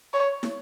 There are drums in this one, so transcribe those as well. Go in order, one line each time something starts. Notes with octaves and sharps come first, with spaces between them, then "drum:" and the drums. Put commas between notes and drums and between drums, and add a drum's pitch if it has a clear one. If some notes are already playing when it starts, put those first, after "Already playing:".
C#5
drum: snare